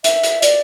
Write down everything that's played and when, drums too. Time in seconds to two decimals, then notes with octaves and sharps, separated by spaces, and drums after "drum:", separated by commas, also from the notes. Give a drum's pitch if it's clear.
0.04 E5, drum: hi-hat
0.23 drum: hi-hat
0.42 D5, drum: hi-hat